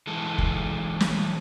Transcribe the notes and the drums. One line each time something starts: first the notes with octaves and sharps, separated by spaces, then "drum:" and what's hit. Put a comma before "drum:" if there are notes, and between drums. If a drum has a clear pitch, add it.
E3 G#3 A4
drum: kick F1
drum: snare